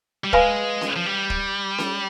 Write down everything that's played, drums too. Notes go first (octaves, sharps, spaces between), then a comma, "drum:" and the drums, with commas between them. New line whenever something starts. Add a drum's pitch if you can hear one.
G3
G#3 B4 F5 G#5 B5, drum: kick
drum: snare C#4
F3
G3
drum: kick
drum: snare C#4